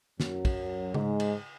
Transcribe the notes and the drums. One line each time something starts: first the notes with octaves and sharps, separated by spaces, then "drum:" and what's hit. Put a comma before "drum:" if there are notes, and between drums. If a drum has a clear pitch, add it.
F#2 F#3, drum: snare
drum: kick, cymbal
G#2 G#3, drum: tom C#3
drum: cymbal